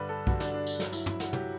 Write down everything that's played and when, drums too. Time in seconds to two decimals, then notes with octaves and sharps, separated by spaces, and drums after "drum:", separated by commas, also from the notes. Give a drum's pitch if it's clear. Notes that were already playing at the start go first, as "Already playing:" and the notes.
Already playing: G2 D3 G3 B4 D5
0.09 A4
0.27 G2 D3 G3 F#4, drum: kick B1
0.40 D4, drum: snare
0.54 D4
0.67 drum: tambourine
0.80 G2 F#3, drum: snare
0.93 E4, drum: tambourine
1.06 E4, drum: tom
1.20 F#4, drum: snare
1.33 F#3 G4, drum: tom